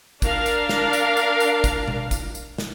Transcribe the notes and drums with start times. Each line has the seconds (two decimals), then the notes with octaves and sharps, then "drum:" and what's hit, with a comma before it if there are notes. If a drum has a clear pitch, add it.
0.22 D4 A#4 F5, drum: kick, tambourine
0.46 drum: tambourine
0.69 drum: snare
0.93 drum: tambourine
1.17 drum: tambourine
1.40 drum: tambourine
1.64 drum: kick, tambourine
1.88 drum: tom B2
2.11 drum: kick, tambourine
2.35 drum: tambourine
2.58 drum: snare